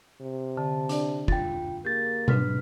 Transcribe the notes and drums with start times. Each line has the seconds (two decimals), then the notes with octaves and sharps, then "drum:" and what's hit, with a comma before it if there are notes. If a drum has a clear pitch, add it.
0.21 C3
0.57 D3 A5
0.89 D4 D5, drum: hi-hat
1.28 F4 G5 A6, drum: kick
1.85 A#3 G4 G#4 G6 A6
2.28 G#2 F#3 D4 B4 F6 B6, drum: tom B2